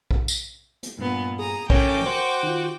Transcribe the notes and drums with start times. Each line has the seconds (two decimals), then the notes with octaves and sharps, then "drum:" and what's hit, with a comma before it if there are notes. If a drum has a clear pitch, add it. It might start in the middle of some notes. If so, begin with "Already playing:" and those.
0.11 drum: kick A#1
0.28 drum: tambourine
0.83 drum: hi-hat
0.99 G2 A#2 B3
1.39 G#4 A#5 D#6
1.70 E3 A3 C#4 A#4 G5 D6 G6 A#6, drum: kick A#1
2.06 F#4 C5
2.43 D#3 F4